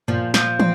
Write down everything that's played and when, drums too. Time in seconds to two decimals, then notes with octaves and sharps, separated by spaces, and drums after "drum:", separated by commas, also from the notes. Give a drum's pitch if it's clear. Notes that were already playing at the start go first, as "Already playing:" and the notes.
0.08 A#2 F3
0.34 F3, drum: snare
0.60 C4, drum: tom